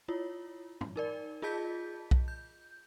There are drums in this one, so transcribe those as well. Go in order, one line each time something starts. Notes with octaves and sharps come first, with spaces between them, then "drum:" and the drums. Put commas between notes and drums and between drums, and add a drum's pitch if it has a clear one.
E4 F4 C#5
drum: tom
D#4 A#4 D5
F4 G#4 D#5 A5 G6 B6
drum: kick B1
G6